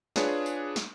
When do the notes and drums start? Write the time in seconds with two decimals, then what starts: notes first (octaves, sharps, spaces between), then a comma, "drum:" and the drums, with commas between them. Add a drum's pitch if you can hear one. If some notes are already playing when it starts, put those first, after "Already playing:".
0.16 D4 F4 G#4 B4 C#5, drum: snare
0.46 drum: tambourine
0.76 drum: snare